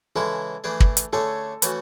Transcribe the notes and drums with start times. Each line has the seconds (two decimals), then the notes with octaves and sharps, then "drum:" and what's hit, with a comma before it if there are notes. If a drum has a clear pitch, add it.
0.15 C#3 E3 G#3 C#4 E4 A4
0.64 E3 A3 D4 G#4
0.80 drum: kick
0.97 drum: hi-hat
1.13 D3 A3 C#4 G#4 A4 C#5
1.62 E3 A3 C#4 F#4, drum: hi-hat